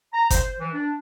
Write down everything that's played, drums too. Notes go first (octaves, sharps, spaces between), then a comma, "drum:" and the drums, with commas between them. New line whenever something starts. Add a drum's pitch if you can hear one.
A#5
C5, drum: kick G1, hi-hat
E3
D4